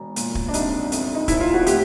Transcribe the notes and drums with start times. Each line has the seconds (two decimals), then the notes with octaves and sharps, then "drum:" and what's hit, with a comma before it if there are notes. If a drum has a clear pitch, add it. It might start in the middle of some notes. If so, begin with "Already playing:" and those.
Already playing: E1
0.16 A#2, drum: hi-hat
0.35 drum: kick
0.48 D4
0.54 C2 D#4, drum: hi-hat
0.92 F2, drum: hi-hat
1.15 D#4
1.28 F1 E4, drum: kick, hi-hat
1.40 F4
1.54 F#4
1.66 A2 G4, drum: hi-hat